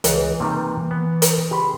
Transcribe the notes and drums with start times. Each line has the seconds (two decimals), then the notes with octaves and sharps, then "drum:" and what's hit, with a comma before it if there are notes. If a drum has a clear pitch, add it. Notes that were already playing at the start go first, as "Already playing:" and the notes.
0.04 C#2 E3, drum: hi-hat
0.40 C3 D#3 G3 A#3
0.91 B3
1.22 drum: hi-hat
1.51 C#3 G4 B5 C6